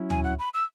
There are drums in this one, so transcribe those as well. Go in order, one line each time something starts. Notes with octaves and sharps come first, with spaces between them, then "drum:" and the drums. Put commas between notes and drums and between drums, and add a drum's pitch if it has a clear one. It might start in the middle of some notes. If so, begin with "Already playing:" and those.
Already playing: F#3 C#4 E4
G#5, drum: tom
F#5
B5
E6